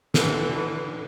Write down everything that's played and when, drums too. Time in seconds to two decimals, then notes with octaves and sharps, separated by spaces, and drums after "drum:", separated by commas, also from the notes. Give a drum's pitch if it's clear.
0.14 D3 E3, drum: snare